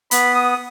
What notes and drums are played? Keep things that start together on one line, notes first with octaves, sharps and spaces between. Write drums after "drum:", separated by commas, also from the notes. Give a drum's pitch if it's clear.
B3 B5, drum: hi-hat
D#6